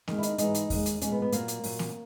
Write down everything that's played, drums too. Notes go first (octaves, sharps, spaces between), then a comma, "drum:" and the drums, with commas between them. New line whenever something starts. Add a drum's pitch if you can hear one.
D#2 D#3 G#3, drum: snare A#3
E4
D#4, drum: hi-hat
G#2 E3 G#3 D#4, drum: hi-hat
drum: hi-hat
D#2 D#3 G#3, drum: kick E2, open hi-hat
drum: hi-hat
A#2 G#3 C#4, drum: hi-hat
B3
B3
A#2 F#3 A#3, drum: hi-hat
drum: hi-hat
A#2 F#3, drum: open hi-hat
drum: snare A#3